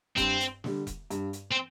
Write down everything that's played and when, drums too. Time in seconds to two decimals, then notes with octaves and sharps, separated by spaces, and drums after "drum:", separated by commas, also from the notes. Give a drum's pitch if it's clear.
0.17 G2 C4, drum: kick E1, hi-hat
0.40 drum: hi-hat
0.64 D3 G3, drum: snare
0.87 drum: kick E1, hi-hat
1.10 G2, drum: hi-hat
1.33 drum: hi-hat
1.51 C4